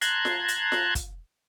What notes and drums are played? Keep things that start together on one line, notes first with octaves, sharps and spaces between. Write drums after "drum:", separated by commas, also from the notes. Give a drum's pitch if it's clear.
A5 A#5 C6 F#6 G#6, drum: hi-hat
drum: snare F4
drum: hi-hat
drum: snare F4
drum: kick, hi-hat